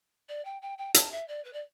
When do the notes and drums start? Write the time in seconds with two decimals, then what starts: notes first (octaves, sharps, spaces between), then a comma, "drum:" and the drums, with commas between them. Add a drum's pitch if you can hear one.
0.29 D5
0.45 G5
0.62 G5
0.78 G5
0.94 A5, drum: hi-hat
1.12 E5
1.28 D5
1.44 B4
1.53 D5